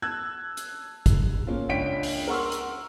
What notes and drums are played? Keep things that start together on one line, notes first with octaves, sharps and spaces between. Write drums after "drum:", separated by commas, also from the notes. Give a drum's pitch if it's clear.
A5 E6 F#6 G#6
drum: hi-hat
drum: kick, hi-hat
A#3 C#4 F4
C#2 D4 C#5 G5 B6 D7
drum: open hi-hat
A#4 F#5 C6 C#6 E6 F6
drum: hi-hat